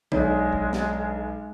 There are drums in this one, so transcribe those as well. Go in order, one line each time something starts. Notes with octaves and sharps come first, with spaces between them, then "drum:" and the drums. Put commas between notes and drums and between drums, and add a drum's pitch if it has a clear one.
B1 G#3 D4 C#5 D5, drum: tom
drum: kick
drum: snare